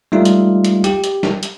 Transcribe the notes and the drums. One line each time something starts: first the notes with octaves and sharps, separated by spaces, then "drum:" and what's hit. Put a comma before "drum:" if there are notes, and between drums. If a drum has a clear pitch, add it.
G3 A3 D#4 F4
drum: hi-hat
drum: hi-hat
G4, drum: hi-hat
drum: hi-hat
drum: snare
drum: hi-hat